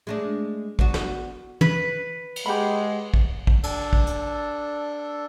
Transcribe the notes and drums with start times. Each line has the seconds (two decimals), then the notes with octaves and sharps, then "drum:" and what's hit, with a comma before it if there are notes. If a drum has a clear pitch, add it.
0.07 G#3 A3 D4
0.79 B3 D4 F#4, drum: kick
0.94 drum: snare
1.61 B4, drum: tom
2.36 drum: cymbal
2.46 G#3 G4 F#5 B5
3.14 drum: kick
3.47 drum: kick
3.63 D4 A4, drum: cymbal
3.93 drum: kick
4.07 drum: hi-hat